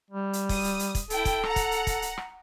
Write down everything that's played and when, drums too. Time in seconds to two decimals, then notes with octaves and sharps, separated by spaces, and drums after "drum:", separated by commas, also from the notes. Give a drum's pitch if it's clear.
0.10 G3
0.33 drum: hi-hat
0.49 D#6, drum: kick, open hi-hat
0.64 drum: hi-hat
0.79 drum: hi-hat
0.95 drum: kick, hi-hat
1.10 E4 A4 G5, drum: hi-hat
1.25 drum: kick, hi-hat
1.43 F#5 A#5, drum: rim click
1.56 drum: kick, hi-hat
1.71 drum: hi-hat
1.87 drum: kick, hi-hat
2.02 drum: hi-hat
2.17 drum: rim click